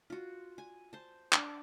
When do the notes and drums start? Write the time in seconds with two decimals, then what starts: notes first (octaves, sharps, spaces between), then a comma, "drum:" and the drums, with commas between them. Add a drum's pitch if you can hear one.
0.10 F4 F#4
0.58 G#5
0.93 C5 A5
1.33 D4 D5, drum: clap